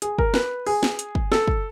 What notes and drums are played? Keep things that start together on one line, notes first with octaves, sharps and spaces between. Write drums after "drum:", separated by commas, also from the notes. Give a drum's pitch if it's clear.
G#4, drum: hi-hat
A#4, drum: kick
B4, drum: snare
G#4, drum: open hi-hat
drum: snare
drum: hi-hat
drum: kick
A4, drum: snare
drum: kick